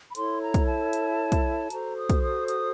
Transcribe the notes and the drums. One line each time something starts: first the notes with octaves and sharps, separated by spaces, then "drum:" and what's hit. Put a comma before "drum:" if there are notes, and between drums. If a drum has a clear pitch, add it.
B5
E4 A4 C#5 C6, drum: hi-hat
A#5
drum: kick, hi-hat
A5
drum: hi-hat
drum: kick, hi-hat
F#4 A4 C5 A#5, drum: hi-hat
D#6
drum: kick, hi-hat
D#6
D#6, drum: hi-hat